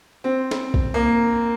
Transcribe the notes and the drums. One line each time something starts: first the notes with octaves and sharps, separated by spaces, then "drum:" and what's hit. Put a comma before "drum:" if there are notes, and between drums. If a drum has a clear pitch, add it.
C4
drum: snare C#4
drum: kick A#1
A#3